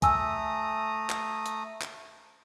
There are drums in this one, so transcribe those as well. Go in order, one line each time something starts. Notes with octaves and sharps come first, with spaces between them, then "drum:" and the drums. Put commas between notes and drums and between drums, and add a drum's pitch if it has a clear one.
A3 G#5 A#5 D#6 E6, drum: kick, hi-hat
drum: clap
drum: hi-hat
drum: clap